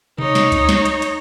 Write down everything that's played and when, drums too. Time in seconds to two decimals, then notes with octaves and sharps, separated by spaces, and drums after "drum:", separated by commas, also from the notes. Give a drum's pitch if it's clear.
0.18 D#4 C#5, drum: tom B2
0.35 drum: snare
0.52 drum: kick C#2, hi-hat
0.69 drum: snare
0.85 drum: hi-hat
1.02 drum: hi-hat